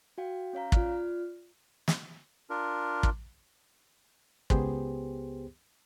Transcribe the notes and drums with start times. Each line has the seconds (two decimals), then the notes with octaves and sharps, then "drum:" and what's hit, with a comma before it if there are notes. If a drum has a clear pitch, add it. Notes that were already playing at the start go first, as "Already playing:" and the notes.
0.18 F#4 F5 G5
0.53 C#4 C#5 F5 A#5
0.72 F4 D5 F6, drum: kick
1.88 drum: snare
2.50 D4 F4 A#4
3.03 drum: kick
4.50 C#2 B3 G4 G#4 C5, drum: kick